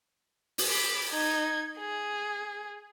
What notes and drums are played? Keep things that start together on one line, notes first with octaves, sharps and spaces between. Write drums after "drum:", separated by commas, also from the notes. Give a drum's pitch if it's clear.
drum: open hi-hat
B5 D6
D#4 G#6
G#4